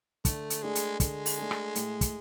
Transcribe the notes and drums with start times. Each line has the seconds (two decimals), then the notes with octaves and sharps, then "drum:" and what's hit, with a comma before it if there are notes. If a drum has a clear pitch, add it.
0.25 D3 A3, drum: kick, hi-hat
0.50 drum: hi-hat
0.62 G#3 A3 D4 G#4
0.75 drum: hi-hat
1.00 D3 G#3, drum: kick, hi-hat
1.26 drum: open hi-hat
1.38 A3 D4 G#4
1.51 drum: rim click
1.75 A2, drum: hi-hat
2.01 drum: kick, hi-hat